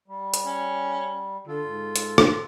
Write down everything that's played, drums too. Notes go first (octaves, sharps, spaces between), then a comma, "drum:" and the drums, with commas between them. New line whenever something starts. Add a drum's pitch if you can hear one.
G3
drum: hi-hat
C#4
D3 F4 A4
G#2
drum: hi-hat
drum: rim click